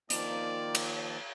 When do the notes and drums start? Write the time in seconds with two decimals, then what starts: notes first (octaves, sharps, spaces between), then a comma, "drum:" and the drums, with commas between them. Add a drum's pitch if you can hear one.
0.10 D#3 F3 A#3 D5, drum: hi-hat
0.75 drum: cymbal